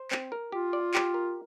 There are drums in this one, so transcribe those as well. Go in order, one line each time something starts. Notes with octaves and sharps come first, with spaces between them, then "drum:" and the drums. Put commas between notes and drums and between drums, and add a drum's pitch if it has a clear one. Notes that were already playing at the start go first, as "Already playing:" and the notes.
Already playing: C5
C4, drum: clap
A#4
F4 G4
D5
G4, drum: clap
A#4